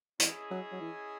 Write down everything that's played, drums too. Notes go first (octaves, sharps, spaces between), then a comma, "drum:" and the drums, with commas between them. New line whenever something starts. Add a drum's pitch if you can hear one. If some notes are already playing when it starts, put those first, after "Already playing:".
E3 C#4 E4 G#4 D#5, drum: hi-hat
F#3
F#3
E3